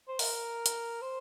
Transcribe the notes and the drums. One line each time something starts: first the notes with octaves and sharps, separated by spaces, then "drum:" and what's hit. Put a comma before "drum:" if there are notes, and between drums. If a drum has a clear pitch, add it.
C5
A#4, drum: open hi-hat
drum: hi-hat
C5